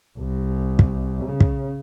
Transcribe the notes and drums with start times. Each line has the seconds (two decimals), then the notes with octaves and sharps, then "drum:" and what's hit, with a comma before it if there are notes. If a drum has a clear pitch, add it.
0.17 C2
0.79 drum: kick
1.25 C#3
1.40 drum: kick